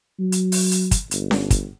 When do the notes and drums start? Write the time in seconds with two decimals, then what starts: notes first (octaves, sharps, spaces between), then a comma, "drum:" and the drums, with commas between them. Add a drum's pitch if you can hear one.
0.19 F#3
0.32 drum: hi-hat
0.52 drum: open hi-hat
0.72 drum: hi-hat
0.91 drum: kick, hi-hat
1.11 G1, drum: hi-hat
1.31 drum: snare C#4
1.51 drum: kick, hi-hat